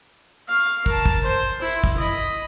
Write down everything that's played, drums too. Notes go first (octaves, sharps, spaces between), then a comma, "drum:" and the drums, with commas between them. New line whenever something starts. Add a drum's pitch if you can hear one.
F5 C#6
A#4 A5, drum: kick
drum: kick
C5
E4
drum: kick
D#5 B5